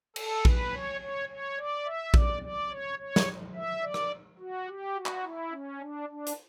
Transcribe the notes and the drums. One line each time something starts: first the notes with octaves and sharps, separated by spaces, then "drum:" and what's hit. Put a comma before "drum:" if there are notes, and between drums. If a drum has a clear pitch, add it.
A4, drum: cymbal
B4, drum: kick A#1
C#5
C#5
C#5
D5
E5
D5, drum: kick A#1
D5
C#5
C#5
drum: snare
E5
D5
drum: rim click
F#4
G4
F#4
drum: clap
E4
C#4
D4
D4
drum: hi-hat